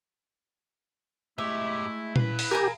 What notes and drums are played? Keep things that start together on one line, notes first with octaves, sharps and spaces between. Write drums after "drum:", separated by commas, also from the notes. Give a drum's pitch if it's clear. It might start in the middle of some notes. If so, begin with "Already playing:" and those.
A2 G#3 A3 E4 G4 E5
E3 E4 B4 F5 B5, drum: tom A#2
drum: open hi-hat
G4 A#4 G#5 A#5